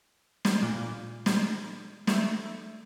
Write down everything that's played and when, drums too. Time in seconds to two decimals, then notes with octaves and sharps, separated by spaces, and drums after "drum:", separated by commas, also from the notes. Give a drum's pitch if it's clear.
0.45 drum: snare
0.62 A#2
1.26 drum: snare
2.07 A3, drum: snare